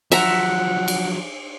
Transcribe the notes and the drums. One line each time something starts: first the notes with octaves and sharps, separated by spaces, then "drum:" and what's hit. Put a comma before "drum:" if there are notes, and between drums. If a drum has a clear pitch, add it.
F3 F#3 E5 F#5 A#5, drum: cymbal
drum: cymbal